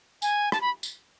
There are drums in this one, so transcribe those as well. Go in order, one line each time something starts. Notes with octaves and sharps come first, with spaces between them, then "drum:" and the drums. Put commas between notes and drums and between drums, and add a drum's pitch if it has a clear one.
G#5, drum: tambourine
A5, drum: rim click
B5
drum: tambourine